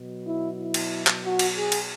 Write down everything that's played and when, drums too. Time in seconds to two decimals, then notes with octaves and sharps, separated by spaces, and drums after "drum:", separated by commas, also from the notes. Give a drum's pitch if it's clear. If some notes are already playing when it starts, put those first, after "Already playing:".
Already playing: B2 F#3
0.26 E4
0.58 E4
0.74 drum: cymbal
1.07 drum: clap
1.22 F#4
1.39 drum: cymbal
1.55 G#4
1.72 drum: cymbal